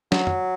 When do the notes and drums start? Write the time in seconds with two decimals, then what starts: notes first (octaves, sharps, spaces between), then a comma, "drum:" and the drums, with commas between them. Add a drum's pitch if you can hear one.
0.12 F#3, drum: snare
0.27 drum: tom